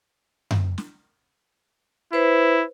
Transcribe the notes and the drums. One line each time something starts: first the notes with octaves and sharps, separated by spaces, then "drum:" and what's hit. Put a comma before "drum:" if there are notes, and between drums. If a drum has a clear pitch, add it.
drum: tom F#2
drum: snare
E4 B4 C5